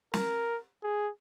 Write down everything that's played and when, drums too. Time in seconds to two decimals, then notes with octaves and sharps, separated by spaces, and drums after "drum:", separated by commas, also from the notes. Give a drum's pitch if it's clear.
0.14 A#4, drum: snare
0.83 G#4